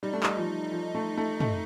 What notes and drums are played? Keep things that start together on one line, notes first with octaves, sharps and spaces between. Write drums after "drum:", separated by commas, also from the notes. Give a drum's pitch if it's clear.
G3 D#4
A3 D4
G3 D#4, drum: clap
F3
F3
A3
A3
A3, drum: tom